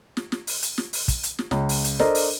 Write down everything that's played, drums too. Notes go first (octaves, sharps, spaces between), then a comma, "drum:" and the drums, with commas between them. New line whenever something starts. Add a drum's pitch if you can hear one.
drum: snare
drum: snare
drum: open hi-hat
drum: hi-hat
drum: snare
drum: open hi-hat
drum: kick, hi-hat
drum: hi-hat
drum: snare
C#2, drum: snare
drum: open hi-hat
drum: hi-hat
D4 A4 A#4 C5 D#5, drum: snare
drum: open hi-hat